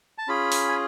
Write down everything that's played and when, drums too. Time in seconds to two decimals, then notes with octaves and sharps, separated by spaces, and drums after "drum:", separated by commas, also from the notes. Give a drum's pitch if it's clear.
0.18 A5
0.28 C#4 F4 G#4 B5
0.52 drum: open hi-hat
0.69 G#5